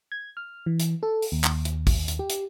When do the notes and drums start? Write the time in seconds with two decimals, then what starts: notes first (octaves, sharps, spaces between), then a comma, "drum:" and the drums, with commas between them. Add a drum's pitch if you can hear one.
0.12 G#6
0.37 F6
0.66 E3
0.80 drum: hi-hat
1.03 A4
1.22 drum: open hi-hat
1.32 D#2
1.44 drum: clap
1.65 drum: hi-hat
1.87 drum: kick, open hi-hat
2.08 drum: hi-hat
2.19 G4
2.30 drum: hi-hat